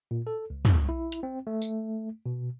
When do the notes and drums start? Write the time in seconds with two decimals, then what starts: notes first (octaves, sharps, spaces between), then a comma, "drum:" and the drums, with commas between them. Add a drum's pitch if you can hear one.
0.11 A#2
0.27 A4
0.50 C#2
0.65 drum: tom
0.89 E4
1.12 drum: hi-hat
1.23 C4
1.47 A3
1.62 drum: tambourine
2.26 B2